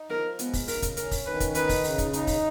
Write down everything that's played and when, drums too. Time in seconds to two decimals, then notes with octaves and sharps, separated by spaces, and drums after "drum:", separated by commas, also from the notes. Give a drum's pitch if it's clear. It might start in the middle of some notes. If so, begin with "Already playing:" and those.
Already playing: D#4
0.10 F3 A#4
0.39 G#3 B3, drum: hi-hat
0.53 drum: kick, open hi-hat
0.68 C#3 A#4, drum: open hi-hat
0.82 drum: kick, hi-hat
0.97 C#4 A#4, drum: hi-hat
1.11 drum: kick, open hi-hat
1.26 D#3 B4
1.40 drum: kick, hi-hat
1.55 D#4 B4, drum: hi-hat
1.69 drum: kick, open hi-hat
1.84 C#3, drum: open hi-hat
1.98 drum: kick, hi-hat
2.13 D#4, drum: hi-hat
2.27 drum: kick, open hi-hat